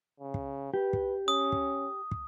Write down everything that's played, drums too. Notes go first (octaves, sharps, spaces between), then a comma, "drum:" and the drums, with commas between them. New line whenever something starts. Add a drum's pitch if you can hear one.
C#3
drum: kick
G4 B4
drum: kick
C#4 D#6
drum: kick
drum: kick